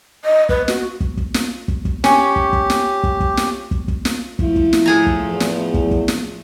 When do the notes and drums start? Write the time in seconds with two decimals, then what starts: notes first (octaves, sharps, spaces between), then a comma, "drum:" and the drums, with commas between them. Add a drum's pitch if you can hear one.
0.25 D#5
0.49 B4, drum: kick
0.68 F#4, drum: snare
1.01 drum: kick
1.17 drum: kick
1.34 drum: snare
1.68 drum: kick
1.85 drum: kick
2.04 C#4 G4, drum: snare
2.36 drum: kick
2.53 drum: kick
2.70 drum: snare
3.04 drum: kick
3.20 drum: kick
3.37 drum: snare
3.71 drum: kick
3.88 drum: kick
4.05 drum: snare
4.39 F3 A3 E4, drum: kick
4.56 drum: kick
4.73 drum: snare
4.86 A2 G#4 A#5
5.07 drum: kick
5.27 E2
5.40 drum: snare
5.74 drum: kick
5.91 drum: kick
6.08 drum: snare